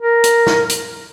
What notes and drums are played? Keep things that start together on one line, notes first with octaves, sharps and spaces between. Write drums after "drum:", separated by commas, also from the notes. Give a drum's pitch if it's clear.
A#4
drum: hi-hat
drum: snare
drum: hi-hat